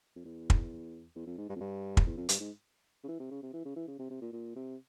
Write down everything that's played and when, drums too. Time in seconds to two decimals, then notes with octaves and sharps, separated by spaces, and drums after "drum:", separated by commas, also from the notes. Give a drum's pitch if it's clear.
0.16 F2
0.25 E2
0.50 drum: kick
1.15 E2
1.27 F2
1.38 G#2
1.49 G2
1.56 F2
1.61 G2
1.97 drum: kick
2.07 E2
2.17 F2
2.29 G2, drum: hi-hat
2.40 G#2
3.04 C#3
3.08 E3
3.20 C3
3.31 C#3
3.43 C3
3.53 E3
3.65 C#3
3.76 E3
3.88 C#3
3.99 C3
4.10 C3
4.21 A#2
4.32 A#2
4.56 C3